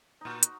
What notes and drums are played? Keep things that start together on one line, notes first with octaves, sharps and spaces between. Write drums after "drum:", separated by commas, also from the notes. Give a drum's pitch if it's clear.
A#2 D#4 F#4
drum: hi-hat